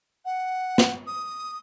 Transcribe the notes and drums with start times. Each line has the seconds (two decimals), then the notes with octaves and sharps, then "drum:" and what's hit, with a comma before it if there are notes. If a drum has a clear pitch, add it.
0.25 F#5
0.78 drum: snare
1.07 D#6